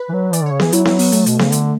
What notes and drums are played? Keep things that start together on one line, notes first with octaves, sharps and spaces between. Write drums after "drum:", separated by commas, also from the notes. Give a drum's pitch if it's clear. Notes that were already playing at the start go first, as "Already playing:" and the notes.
Already playing: B4
E3
F#3
E3 D5, drum: hi-hat
D3 C#5
C#3
E3 G#4, drum: snare B3
F#3 E4, drum: hi-hat
E4, drum: snare B3
B3, drum: open hi-hat
A3, drum: hi-hat
B2, drum: hi-hat
C#3, drum: snare B3
D3, drum: hi-hat